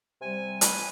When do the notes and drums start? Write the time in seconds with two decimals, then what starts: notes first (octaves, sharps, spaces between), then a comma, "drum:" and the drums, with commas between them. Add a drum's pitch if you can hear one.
0.22 C3 G3 G#5
0.61 B4 G#5, drum: hi-hat